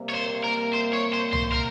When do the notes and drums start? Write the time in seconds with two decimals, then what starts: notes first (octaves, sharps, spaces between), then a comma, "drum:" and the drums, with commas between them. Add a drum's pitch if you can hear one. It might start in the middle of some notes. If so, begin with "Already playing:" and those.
Already playing: C3 G3 A#3
0.10 C#5
0.15 C5
0.44 A#4
0.73 C5
0.93 C#5
1.13 C5
1.33 C5, drum: tom C2
1.52 A#4